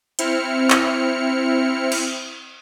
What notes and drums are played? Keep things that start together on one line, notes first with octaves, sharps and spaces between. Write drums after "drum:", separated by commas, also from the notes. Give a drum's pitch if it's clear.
C4 E4 F6 C#7, drum: hi-hat
drum: clap
drum: cymbal